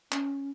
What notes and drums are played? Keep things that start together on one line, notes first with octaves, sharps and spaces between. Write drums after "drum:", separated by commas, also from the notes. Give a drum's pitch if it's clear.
C#4, drum: clap